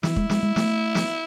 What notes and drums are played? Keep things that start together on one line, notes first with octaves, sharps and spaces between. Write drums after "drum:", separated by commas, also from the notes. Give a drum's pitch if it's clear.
E3 E4, drum: snare
G#3, drum: kick
G#3, drum: snare
G#3
A3, drum: snare
drum: snare